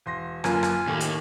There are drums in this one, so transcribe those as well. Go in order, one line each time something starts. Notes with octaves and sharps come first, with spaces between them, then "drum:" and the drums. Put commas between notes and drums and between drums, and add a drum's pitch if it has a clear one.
E1 C6 A#6
G1 F#2 A#3 F4 G#5, drum: rim click
drum: rim click
D#2 A2
drum: hi-hat